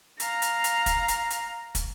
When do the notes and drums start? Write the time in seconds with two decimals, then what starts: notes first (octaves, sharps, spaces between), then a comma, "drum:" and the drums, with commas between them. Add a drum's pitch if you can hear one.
0.20 F5 A#5, drum: hi-hat
0.42 drum: hi-hat
0.64 drum: hi-hat
0.86 drum: kick, hi-hat
1.08 drum: hi-hat
1.30 drum: hi-hat
1.75 drum: kick, hi-hat